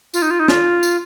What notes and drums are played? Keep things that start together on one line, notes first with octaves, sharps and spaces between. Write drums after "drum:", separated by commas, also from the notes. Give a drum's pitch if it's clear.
F4, drum: tambourine
D#4
F4
D#4
F4, drum: snare
drum: tambourine